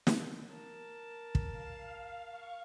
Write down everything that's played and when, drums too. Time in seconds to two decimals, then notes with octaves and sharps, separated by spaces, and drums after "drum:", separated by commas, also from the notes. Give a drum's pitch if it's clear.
0.07 drum: snare
0.47 A#4 A5
1.35 drum: kick
1.46 F5
2.29 F5 C#6